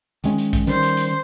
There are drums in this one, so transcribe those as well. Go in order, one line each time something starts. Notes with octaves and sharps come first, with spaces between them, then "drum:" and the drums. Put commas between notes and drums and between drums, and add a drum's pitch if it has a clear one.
D#3 G#3 C#4, drum: hi-hat
drum: hi-hat
drum: kick A1, hi-hat
D#3 G3 C#4 C5, drum: hi-hat
drum: hi-hat
drum: hi-hat